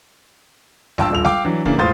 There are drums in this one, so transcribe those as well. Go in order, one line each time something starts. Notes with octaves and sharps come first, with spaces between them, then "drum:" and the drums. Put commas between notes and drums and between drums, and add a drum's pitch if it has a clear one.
A#1 G2 F5 G5 A5 E6, drum: snare G#3
D#1 A#1 F7
F5 G5 D6, drum: snare G#3
E3 F#3 D4
C#3 E3 A#3 D4, drum: kick
E1 A2 F4 C5 D#6 A6